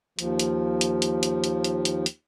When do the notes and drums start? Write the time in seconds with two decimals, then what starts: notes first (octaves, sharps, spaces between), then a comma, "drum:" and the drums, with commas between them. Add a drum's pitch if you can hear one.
0.19 D#2 F3, drum: hi-hat
0.39 drum: hi-hat
0.81 drum: hi-hat
1.02 drum: hi-hat
1.23 drum: hi-hat
1.44 drum: hi-hat
1.64 drum: hi-hat
1.85 drum: hi-hat
2.06 drum: hi-hat